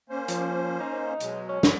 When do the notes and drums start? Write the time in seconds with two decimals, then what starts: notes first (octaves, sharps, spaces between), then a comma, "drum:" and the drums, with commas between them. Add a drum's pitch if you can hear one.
0.09 A#3 C#4 C5
0.28 F3, drum: hi-hat
0.80 D#4
1.20 B2 F#3 G#3, drum: hi-hat
1.49 C#4
1.63 drum: snare